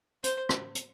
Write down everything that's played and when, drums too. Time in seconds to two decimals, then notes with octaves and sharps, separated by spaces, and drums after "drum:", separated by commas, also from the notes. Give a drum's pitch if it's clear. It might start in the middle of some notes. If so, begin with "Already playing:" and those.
0.24 C5, drum: hi-hat
0.49 drum: rim click
0.75 drum: hi-hat